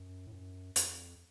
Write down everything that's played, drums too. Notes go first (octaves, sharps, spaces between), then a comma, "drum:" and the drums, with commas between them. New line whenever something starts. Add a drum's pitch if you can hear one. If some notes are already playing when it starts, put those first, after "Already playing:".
Already playing: F#2
A2
F#2
F2, drum: hi-hat